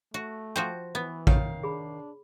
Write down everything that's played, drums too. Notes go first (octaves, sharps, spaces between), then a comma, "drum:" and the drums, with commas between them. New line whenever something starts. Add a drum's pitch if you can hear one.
A3 F#4
F3 F#4 C5 G5
E3 B3
D#3 C#5 F5, drum: kick A1
D4 G#4 B5